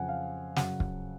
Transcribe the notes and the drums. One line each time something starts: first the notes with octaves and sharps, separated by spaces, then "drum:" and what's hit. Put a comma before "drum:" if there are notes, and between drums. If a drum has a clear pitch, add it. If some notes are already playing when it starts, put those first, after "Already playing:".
Already playing: F2 C#3 F#3 F#5 G#5
F5
F#2 C#3 F#3 F#5, drum: snare
drum: kick